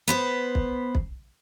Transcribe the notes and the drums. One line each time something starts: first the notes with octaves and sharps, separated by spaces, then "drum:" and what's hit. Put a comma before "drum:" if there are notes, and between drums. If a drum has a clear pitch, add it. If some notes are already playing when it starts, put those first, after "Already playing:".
B3 B4 C5
drum: kick
drum: kick